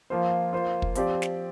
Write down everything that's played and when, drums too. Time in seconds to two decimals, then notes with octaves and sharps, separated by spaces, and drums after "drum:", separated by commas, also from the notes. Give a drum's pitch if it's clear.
0.10 F3 A#3 F4 C5
0.53 A#3 F4 C5
0.82 drum: kick
0.95 F3 C4 G4 D5, drum: hi-hat
1.22 drum: snare